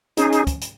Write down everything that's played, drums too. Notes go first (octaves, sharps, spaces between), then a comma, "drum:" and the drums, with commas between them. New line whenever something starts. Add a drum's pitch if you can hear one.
C#4 D#4 G#4, drum: hi-hat
drum: hi-hat
drum: kick, hi-hat
drum: hi-hat